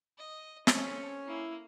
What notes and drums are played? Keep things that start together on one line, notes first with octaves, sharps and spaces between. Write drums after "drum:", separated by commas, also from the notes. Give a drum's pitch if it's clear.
D#5
C4 C#4 A4, drum: snare
A#3 E4